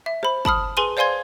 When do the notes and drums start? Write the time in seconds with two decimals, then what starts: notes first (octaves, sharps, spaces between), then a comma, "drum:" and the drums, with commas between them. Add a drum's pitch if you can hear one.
0.06 E5
0.23 C5 B5, drum: rim click
0.45 A5 B5 D#6 F6, drum: kick
0.77 G#4 B4 G#5 C6 D#7 G7
0.97 C5 D5 F5 G#5 C6 G#6